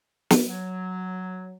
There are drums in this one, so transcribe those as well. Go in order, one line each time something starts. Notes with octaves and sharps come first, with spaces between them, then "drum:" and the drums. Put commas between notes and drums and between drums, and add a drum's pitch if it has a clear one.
drum: snare
F#3